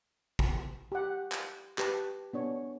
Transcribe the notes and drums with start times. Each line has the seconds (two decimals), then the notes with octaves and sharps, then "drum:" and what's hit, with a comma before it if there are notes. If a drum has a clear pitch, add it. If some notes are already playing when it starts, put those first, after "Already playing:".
0.39 drum: kick
0.92 G4 F#5
1.32 drum: clap
1.78 G4 B4 A5, drum: clap
2.33 B3 D4 C#5